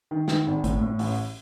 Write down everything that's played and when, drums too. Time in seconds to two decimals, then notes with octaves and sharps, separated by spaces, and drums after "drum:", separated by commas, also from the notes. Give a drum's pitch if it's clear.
0.11 D#3
0.28 D#3, drum: snare
0.47 G#1
0.64 A2, drum: kick G#1, hi-hat
0.81 A2
0.99 A1, drum: open hi-hat